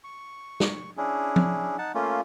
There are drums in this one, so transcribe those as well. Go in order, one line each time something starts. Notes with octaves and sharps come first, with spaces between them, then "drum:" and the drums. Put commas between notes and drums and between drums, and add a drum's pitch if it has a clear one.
C#6
drum: snare
C#4 D4 E4 G#4
drum: tom F3
D#4 F#5 A5
A3 A#3 C#4 F4